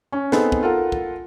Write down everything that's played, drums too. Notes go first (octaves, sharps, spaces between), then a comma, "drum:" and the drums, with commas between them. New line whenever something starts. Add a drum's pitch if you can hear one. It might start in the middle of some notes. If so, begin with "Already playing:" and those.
C#4
B3 C4 D#4 G#4 A4 C5, drum: snare
drum: kick
F4 A4 A#4 F#5
drum: kick